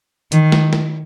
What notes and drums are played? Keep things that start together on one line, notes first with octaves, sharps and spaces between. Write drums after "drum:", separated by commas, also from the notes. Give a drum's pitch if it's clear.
D#3, drum: hi-hat
drum: snare
drum: snare